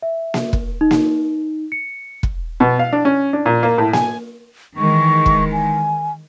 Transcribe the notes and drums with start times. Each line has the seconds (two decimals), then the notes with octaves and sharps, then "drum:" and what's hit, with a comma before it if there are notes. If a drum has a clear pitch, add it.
0.02 E5
0.34 drum: snare A#3
0.53 drum: kick
0.81 D#4
0.91 drum: snare A#3
1.72 C#7
2.23 drum: kick
2.60 B2
2.79 F5
2.93 D4
3.05 C#4
3.33 D4
3.46 A#2
3.63 A#3
3.78 A2
3.93 G#5, drum: snare A#3
4.77 D#3 E3 G#3 C#6
5.26 drum: kick
5.52 G#5